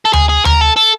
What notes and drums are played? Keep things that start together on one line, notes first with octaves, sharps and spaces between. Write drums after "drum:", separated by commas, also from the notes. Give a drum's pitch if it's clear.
A4
G#4, drum: tom D2
G#4
A#4, drum: tom D2
A4
A4